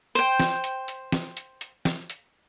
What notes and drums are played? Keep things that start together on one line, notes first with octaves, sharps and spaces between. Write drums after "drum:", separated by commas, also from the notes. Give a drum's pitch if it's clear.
C5 G5, drum: hi-hat
drum: snare
drum: hi-hat
drum: hi-hat
drum: snare
drum: hi-hat
drum: hi-hat
drum: snare
drum: hi-hat